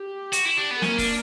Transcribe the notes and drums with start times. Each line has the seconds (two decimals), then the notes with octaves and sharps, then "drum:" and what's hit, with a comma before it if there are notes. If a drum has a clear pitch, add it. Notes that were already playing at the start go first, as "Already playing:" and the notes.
Already playing: G4
0.32 F#4, drum: hi-hat
0.45 E4
0.57 D4
0.71 B3
0.82 A#3 C#4 A#4, drum: snare
0.98 D4, drum: kick, open hi-hat